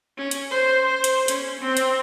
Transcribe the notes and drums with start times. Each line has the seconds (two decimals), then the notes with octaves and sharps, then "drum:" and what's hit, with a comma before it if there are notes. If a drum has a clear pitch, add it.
0.17 C#4
0.31 drum: hi-hat
0.51 C5
0.86 C5
1.04 drum: hi-hat
1.28 C#4, drum: hi-hat
1.61 C4
1.77 drum: hi-hat